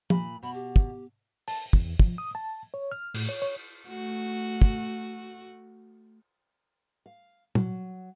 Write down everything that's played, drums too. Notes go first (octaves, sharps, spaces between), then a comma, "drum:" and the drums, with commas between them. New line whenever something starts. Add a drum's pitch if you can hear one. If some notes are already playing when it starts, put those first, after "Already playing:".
A#2 B5, drum: tom
B2 B5
G4
drum: kick
A5, drum: open hi-hat
E2, drum: kick
F3, drum: kick
D#6
A5
C#5
F6
A2, drum: cymbal
C#5
C#5
A3 F#4
drum: kick
F5
F#3, drum: tom